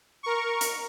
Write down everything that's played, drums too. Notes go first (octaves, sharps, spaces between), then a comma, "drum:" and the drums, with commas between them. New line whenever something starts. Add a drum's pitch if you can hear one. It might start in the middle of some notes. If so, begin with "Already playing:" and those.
A#4 C#6
drum: hi-hat